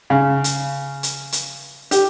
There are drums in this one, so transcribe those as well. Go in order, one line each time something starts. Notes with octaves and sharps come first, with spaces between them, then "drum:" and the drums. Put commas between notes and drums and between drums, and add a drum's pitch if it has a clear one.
C#3
drum: hi-hat
drum: hi-hat
drum: hi-hat
G4, drum: hi-hat